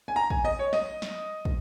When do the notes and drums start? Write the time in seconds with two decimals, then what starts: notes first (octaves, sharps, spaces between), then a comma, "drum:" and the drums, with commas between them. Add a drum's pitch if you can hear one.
0.08 G#5
0.16 A#5
0.30 G#5, drum: kick
0.45 D#5
0.59 C#5
0.73 D#5, drum: snare
1.02 drum: snare
1.45 drum: kick